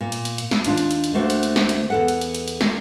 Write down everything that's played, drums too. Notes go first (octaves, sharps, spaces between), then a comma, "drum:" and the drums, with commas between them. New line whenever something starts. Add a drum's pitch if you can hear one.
A#2
drum: hi-hat
drum: hi-hat
drum: hi-hat
drum: snare
D#2 D4 F4, drum: hi-hat
drum: hi-hat
drum: hi-hat
drum: hi-hat
D2 D3 A3 A#3 F#4 C5
drum: hi-hat
drum: hi-hat
drum: snare
drum: hi-hat
E2 A4 F#5
drum: hi-hat
drum: hi-hat
drum: hi-hat
drum: hi-hat
drum: snare